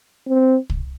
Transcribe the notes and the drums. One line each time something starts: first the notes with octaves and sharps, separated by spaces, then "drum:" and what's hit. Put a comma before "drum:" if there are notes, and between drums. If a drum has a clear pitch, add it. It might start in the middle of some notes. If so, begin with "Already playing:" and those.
C4
drum: kick